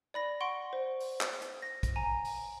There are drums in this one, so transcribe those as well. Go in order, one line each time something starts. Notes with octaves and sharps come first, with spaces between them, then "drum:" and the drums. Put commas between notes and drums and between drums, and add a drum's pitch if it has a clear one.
D5 B5 A#6
F#5 C6 C#6 D7
C5
drum: open hi-hat
drum: clap
drum: hi-hat
A#6
drum: kick, hi-hat
G#5 A#5
drum: open hi-hat